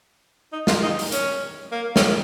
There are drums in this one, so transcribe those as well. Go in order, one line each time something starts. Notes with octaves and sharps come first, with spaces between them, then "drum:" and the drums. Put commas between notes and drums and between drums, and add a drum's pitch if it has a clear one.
D#4
F4, drum: snare
D#4
drum: open hi-hat
C#4, drum: hi-hat
A#3
C#4, drum: snare
A#3